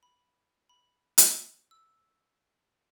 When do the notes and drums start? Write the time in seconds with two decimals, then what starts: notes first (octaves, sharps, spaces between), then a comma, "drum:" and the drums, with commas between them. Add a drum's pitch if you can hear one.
0.03 B5
0.69 B5
1.18 drum: hi-hat
1.71 E6